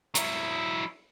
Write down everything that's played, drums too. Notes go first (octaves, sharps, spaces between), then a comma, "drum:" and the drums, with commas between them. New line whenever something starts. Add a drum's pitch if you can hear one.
F#3 E4, drum: hi-hat